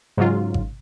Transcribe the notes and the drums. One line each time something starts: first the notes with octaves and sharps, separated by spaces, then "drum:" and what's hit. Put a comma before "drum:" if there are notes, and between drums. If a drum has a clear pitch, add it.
G#2 C#3 F#3 F4
drum: kick G#1